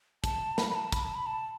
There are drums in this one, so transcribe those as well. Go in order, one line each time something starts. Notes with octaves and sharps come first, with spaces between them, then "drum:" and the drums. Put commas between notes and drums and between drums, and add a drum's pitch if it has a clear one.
A5, drum: kick, hi-hat
B5, drum: snare
B5
A5
B5, drum: kick, hi-hat
A5
B5
A5